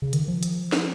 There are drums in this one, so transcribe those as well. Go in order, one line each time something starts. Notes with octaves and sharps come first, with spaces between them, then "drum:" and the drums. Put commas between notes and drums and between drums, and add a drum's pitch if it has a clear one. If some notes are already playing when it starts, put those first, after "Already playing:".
C#3
D#3, drum: hi-hat
F3
drum: hi-hat
drum: snare